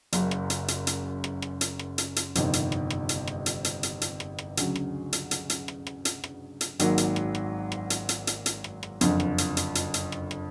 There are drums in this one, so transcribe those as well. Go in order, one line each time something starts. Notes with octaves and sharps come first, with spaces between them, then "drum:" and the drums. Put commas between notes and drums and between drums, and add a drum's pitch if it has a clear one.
F#1 F#2 C#3, drum: hi-hat
drum: rim click
drum: hi-hat
drum: hi-hat
drum: hi-hat
drum: rim click
drum: rim click
drum: hi-hat
drum: rim click
drum: hi-hat
drum: hi-hat
G1 F2 C3 D#3, drum: hi-hat
drum: hi-hat
drum: rim click
drum: rim click
drum: hi-hat
drum: rim click
drum: hi-hat
drum: hi-hat
drum: hi-hat
drum: hi-hat
drum: rim click
drum: rim click
D2 C#3 F#3, drum: hi-hat
drum: rim click
drum: hi-hat
drum: hi-hat
drum: hi-hat
drum: rim click
drum: rim click
drum: hi-hat
drum: rim click
drum: hi-hat
G#1 G#2 D#3 F#3 A#3, drum: hi-hat
drum: hi-hat
drum: rim click
drum: rim click
drum: rim click
drum: hi-hat
drum: hi-hat
drum: hi-hat
drum: hi-hat
drum: rim click
drum: rim click
F#1 F2 D3, drum: hi-hat
drum: rim click
drum: hi-hat
drum: hi-hat
drum: hi-hat
drum: hi-hat
drum: rim click
drum: rim click